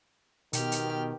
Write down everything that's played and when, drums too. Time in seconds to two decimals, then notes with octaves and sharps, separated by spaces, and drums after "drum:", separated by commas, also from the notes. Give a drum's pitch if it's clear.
0.53 B2 D#3 G4 F6, drum: hi-hat
0.72 drum: hi-hat